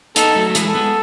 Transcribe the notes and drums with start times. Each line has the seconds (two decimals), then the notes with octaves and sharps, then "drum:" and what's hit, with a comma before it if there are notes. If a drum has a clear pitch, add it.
0.16 B3 D#4 A4, drum: hi-hat
0.35 F#3 A3
0.50 A3
0.55 E3 G#3, drum: hi-hat
0.68 A4
0.75 G#3 B3